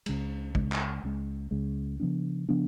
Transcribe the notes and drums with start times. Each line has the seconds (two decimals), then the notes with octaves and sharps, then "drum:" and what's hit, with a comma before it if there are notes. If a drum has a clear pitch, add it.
0.06 C#2 C#3 G#3, drum: cymbal
0.55 C#2 C#3 G#3, drum: kick
0.72 drum: clap
1.04 C#2 C#3 G#3
1.51 C#2 C#3 G#3
2.00 C#3 F3 B3 D4
2.49 C#3 F3 B3 D4